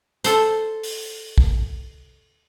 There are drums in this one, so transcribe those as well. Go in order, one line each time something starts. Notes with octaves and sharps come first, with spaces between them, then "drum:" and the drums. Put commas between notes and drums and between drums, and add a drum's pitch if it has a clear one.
A4 C5, drum: hi-hat
drum: open hi-hat
drum: kick